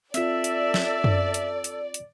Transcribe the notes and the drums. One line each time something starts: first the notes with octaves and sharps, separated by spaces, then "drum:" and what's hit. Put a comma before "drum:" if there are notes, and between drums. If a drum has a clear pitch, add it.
C4 F4 A4 D5 E5, drum: hi-hat
drum: hi-hat
drum: snare
drum: tom F#2
drum: hi-hat
drum: hi-hat
drum: hi-hat